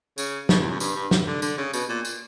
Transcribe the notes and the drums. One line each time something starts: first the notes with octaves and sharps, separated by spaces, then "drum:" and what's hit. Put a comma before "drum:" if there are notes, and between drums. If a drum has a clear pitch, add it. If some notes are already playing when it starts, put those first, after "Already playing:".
C#3, drum: tambourine
B2, drum: snare
E2
F#2
G2, drum: tambourine
G2
drum: snare
D3
D3, drum: tambourine
C#3
B2, drum: tambourine
A#2
drum: tambourine